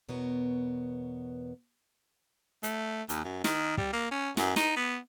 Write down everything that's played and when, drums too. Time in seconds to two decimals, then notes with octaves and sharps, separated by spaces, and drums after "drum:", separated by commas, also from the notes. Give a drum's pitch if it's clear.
0.09 E2 B2 B3 A#4 C#5
2.63 A3, drum: hi-hat
3.09 D#2, drum: hi-hat
3.24 F#2
3.44 D#3, drum: snare
3.77 G3, drum: kick
3.93 A#3
4.11 C#4
4.37 F#2, drum: snare
4.56 D#4, drum: snare
4.76 B3